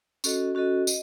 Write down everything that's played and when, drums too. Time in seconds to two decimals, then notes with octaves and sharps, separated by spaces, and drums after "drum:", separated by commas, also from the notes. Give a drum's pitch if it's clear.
0.24 C#4 F#4 A4 D#5, drum: tambourine
0.55 C#4 F#4 A4 D#5
0.87 D#5, drum: tambourine